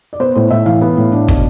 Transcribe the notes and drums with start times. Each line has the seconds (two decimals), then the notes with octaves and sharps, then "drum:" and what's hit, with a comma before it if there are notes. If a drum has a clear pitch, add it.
0.13 D5
0.20 B3 C5
0.35 A2 C5
0.50 A2 E5
0.66 E3 F5
0.81 B3
0.97 A2
1.12 D4
1.28 B2, drum: kick